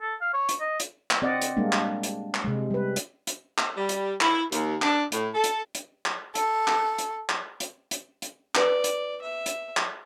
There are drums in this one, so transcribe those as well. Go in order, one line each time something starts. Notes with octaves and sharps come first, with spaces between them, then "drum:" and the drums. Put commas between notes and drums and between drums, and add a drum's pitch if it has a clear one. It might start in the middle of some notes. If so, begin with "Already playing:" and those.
A4
F5
C#5
drum: hi-hat
D#5
drum: hi-hat
drum: clap
C4 D5 D#5 F#5
drum: hi-hat
G3 G#3 A#3 D4
drum: clap
drum: hi-hat
drum: clap
C3 G#3
G3 B4
drum: hi-hat
drum: hi-hat
drum: clap
G3
drum: hi-hat
E4, drum: clap
D#2, drum: hi-hat
D4, drum: clap
A2, drum: hi-hat
A4
drum: hi-hat
drum: hi-hat
drum: clap
A4, drum: hi-hat
drum: clap
drum: hi-hat
drum: clap
drum: hi-hat
drum: hi-hat
drum: hi-hat
F4 B4 D5, drum: clap
drum: hi-hat
E5
drum: hi-hat
drum: clap